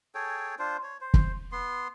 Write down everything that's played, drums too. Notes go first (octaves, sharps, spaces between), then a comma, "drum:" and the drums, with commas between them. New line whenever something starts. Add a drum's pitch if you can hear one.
G#4 A4 C#5 G5
D4 F4 C5
C#5
C5
drum: kick
B3 C6